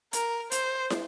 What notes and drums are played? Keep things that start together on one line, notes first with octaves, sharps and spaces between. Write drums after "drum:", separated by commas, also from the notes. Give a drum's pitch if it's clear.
A#4, drum: hi-hat
C5, drum: hi-hat
drum: snare